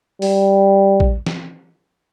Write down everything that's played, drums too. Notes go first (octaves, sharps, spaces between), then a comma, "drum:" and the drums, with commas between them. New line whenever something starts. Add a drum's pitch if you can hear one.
G3, drum: open hi-hat
drum: kick
drum: snare